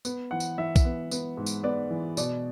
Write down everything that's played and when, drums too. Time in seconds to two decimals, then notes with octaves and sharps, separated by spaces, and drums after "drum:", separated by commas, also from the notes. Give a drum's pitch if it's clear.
0.05 B3, drum: tambourine
0.31 E3 F#5
0.40 drum: tambourine
0.58 E3 E5
0.76 drum: kick B1, tambourine
0.85 B3
1.11 B3, drum: tambourine
1.37 G#2
1.46 drum: tambourine
1.63 B3 D5
1.91 E3
2.17 B2 D5, drum: tambourine